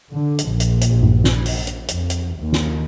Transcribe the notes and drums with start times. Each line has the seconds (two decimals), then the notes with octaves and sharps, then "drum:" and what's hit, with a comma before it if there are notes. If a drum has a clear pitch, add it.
0.13 D3
0.38 drum: hi-hat
0.48 A#1
0.60 drum: hi-hat
0.81 drum: hi-hat
1.03 drum: tom G2
1.24 drum: snare
1.46 drum: open hi-hat
1.67 drum: hi-hat
1.88 F2, drum: hi-hat
2.10 drum: hi-hat
2.37 D#2
2.53 drum: snare